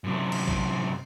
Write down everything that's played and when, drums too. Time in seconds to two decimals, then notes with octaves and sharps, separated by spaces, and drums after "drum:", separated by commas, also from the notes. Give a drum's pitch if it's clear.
0.04 F#2 C3
0.32 drum: cymbal
0.48 drum: kick